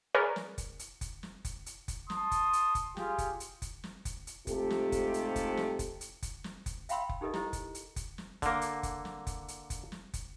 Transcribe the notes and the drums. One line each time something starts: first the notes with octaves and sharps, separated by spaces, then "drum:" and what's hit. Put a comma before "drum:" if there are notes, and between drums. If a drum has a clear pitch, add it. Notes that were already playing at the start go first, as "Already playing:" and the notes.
G#4 A#4 B4 C#5 D5
drum: snare
drum: kick F1, hi-hat
drum: hi-hat
drum: kick F1, hi-hat
drum: snare
drum: kick F1, hi-hat
drum: hi-hat
drum: kick F1, hi-hat
A5 C6 D#6, drum: snare
drum: kick F1, hi-hat
drum: hi-hat
drum: kick F1, hi-hat
F4 G4 G#4, drum: snare
drum: kick F1, hi-hat
drum: hi-hat
drum: kick F1, hi-hat
drum: snare
drum: kick F1, hi-hat
drum: hi-hat
G#2 C3 A3 F4 G4 A4, drum: kick F1, hi-hat
drum: snare
drum: kick F1, hi-hat
drum: hi-hat
drum: kick F1, hi-hat
drum: snare
drum: kick F1, hi-hat
drum: hi-hat
drum: kick F1, hi-hat
drum: snare
drum: kick F1, hi-hat
E5 F5 G5 B5 C6 E6, drum: hi-hat
drum: kick F1
D#4 G4 A4 A#4 D#5
E4 G4 C5 D#5, drum: snare
drum: kick F1, hi-hat
drum: hi-hat
drum: kick F1, hi-hat
drum: snare
D3 A#3, drum: kick F1, hi-hat
drum: hi-hat
drum: kick F1, hi-hat
drum: snare
drum: kick F1, hi-hat
drum: hi-hat
drum: kick F1, hi-hat
drum: snare
drum: kick F1, hi-hat